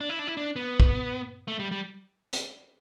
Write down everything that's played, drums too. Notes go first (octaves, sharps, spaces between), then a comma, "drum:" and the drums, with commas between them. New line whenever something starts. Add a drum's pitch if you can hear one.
D4
E4
D4
E4
D4
B3
drum: kick
A3
G3
G3
drum: hi-hat